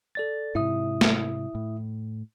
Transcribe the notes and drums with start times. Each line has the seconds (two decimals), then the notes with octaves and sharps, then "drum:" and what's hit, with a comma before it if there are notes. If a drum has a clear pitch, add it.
0.15 A4 D5 A6
0.55 G#2 C3 E4 E5 D#6
1.01 drum: snare
1.55 A2